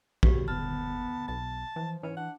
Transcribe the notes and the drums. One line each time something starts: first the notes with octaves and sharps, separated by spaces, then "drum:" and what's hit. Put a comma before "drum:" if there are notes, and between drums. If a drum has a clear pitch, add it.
F#4 G4, drum: kick A#1
F#1 B3 A5 F6
B1 A5
E3 F3
G#2 E3 C#4
D4 F#5